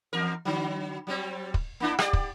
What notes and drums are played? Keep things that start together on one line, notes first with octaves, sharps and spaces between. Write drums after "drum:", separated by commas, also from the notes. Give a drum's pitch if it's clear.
E2 A#4
D3 F#3
F#3 G3 C4
drum: kick
A#3 D4 E4
G4 D5, drum: rim click
drum: kick